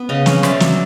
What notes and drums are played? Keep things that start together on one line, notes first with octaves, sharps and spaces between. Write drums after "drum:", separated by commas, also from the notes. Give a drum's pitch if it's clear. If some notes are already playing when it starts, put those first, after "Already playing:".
Already playing: B3
C#3 D#5 F5
C#4, drum: snare
C#4 D5 E5, drum: rim click
F#3, drum: snare